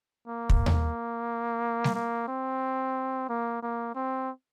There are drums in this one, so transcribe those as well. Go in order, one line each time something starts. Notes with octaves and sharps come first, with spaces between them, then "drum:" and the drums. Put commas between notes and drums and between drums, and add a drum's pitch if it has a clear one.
A#3
drum: kick
drum: tom D#2
drum: snare G3
A#3
C4
A#3
A#3
C4